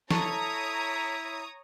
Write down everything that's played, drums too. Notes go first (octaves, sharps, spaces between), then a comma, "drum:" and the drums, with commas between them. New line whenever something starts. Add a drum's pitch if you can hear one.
E4 A4 C#5 A#5 C#6 D#6, drum: snare